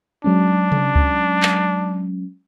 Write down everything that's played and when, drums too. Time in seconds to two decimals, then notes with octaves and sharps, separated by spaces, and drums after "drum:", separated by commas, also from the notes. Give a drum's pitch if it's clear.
0.24 F#3 G#3 C#4 D4
0.72 drum: tom C3
0.95 drum: kick C#2
1.43 drum: clap